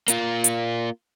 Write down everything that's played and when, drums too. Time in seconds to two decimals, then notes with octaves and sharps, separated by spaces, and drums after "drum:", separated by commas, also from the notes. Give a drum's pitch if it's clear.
0.08 A#3 F4, drum: hi-hat
0.44 drum: hi-hat